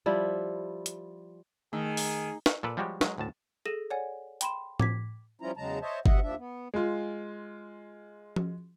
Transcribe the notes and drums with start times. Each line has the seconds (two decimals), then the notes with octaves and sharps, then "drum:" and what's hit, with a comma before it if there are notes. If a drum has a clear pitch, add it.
0.06 F3 G3 E4
0.86 drum: hi-hat
1.73 D#3 A3 G#4
1.97 drum: open hi-hat
2.46 drum: snare
2.63 A#2 A4 B4 D5
2.77 F3 G3 G#3 F#4 G4 C#5
3.01 F#3 G#3, drum: snare
3.18 D2 A2 A5
3.65 G#4 A4 A#6 D#7 E7
3.91 C#5 D5 F#5 G#5
4.41 G5 B5 C6 E7, drum: hi-hat
4.80 D6 G#6 B6, drum: tom A2
5.41 F3 G3 C#4 E4 F4 A#5
5.57 E2 C#3 F#3 G#3 A5 A#5
5.82 C5 C#5 D#5 E5 A5
6.06 D2 C3 D#5 E5 F#5, drum: kick G1
6.22 D#2 F3 D4 E5
6.38 B3
6.74 G#3 F4
8.36 drum: tom F3